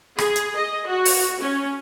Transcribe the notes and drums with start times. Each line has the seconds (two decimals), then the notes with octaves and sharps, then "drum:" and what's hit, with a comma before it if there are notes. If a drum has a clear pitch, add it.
0.18 G#4, drum: rim click
0.36 drum: hi-hat
0.56 D#5
0.87 F#4
1.05 drum: open hi-hat
1.41 C#4